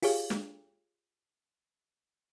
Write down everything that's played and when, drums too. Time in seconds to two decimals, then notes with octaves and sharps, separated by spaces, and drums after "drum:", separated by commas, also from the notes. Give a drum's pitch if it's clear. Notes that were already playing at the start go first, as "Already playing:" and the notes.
0.02 F4 G4 G#4 C#5 F5, drum: open hi-hat
0.30 drum: snare